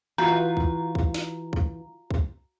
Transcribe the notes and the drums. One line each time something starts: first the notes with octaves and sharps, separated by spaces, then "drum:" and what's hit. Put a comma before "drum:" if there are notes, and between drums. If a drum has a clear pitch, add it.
E3 F4 F#4 B4 A#5
drum: kick
drum: kick
drum: snare
drum: kick
drum: kick